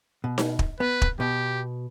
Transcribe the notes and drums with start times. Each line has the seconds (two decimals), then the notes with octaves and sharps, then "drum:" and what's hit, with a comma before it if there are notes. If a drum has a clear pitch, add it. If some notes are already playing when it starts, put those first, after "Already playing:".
0.24 B2
0.38 drum: snare D#4
0.59 drum: kick
0.80 B3 B4
1.02 drum: kick
1.20 B2 G4